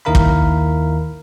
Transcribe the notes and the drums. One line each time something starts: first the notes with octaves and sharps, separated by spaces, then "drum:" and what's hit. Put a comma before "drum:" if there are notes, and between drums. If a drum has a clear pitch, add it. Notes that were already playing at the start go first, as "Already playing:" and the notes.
D#2 D#3 E4 A#4 F5 B5
drum: kick